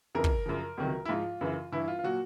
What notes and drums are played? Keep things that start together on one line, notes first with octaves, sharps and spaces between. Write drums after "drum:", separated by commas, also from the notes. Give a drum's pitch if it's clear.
F2 C#3 E3 A#4
drum: kick
F#2 C#3 F3
C#2 C3 D#3 F#3
E4
G#2 F3 F4
F#2 C#3 E3
G2 E3 E4
F4
F4
A#2 F#3 F#4